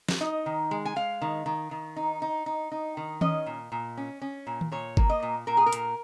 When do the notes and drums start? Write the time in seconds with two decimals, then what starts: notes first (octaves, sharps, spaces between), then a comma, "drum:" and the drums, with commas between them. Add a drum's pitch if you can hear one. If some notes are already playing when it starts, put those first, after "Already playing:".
0.09 drum: snare
0.21 D#4 D#5
0.46 D#3
0.71 G#3
0.85 G#5
0.96 G#3 F5
1.22 D#3
1.46 D#3
1.71 D#3
1.96 D#4
2.22 D#4
2.46 D#4
2.72 D#4
2.97 D#3
3.21 C#4 D#5, drum: tom D#3
3.46 A#2
3.72 A#2
3.97 C#4
4.22 C#4
4.47 A#2
4.61 drum: tom D#3
4.72 A#2 C#5
4.97 A#3, drum: kick G1
5.10 D#5
5.22 A#2
5.47 A#2 A#4
5.57 G#4
5.66 A#4
5.72 A#2, drum: hi-hat